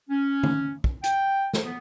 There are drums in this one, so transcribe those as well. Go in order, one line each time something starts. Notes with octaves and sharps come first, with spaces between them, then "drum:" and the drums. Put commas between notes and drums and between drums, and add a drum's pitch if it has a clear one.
C#4
drum: tom D3
drum: kick
G5, drum: hi-hat
drum: snare
B3